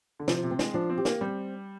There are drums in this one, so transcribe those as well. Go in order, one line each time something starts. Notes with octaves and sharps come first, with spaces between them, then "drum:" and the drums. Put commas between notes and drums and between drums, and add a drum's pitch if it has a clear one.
D3
C3 F3, drum: snare
C3
C4
G#3, drum: snare
F3 D4
C4
G4
A#3, drum: snare
G3 C4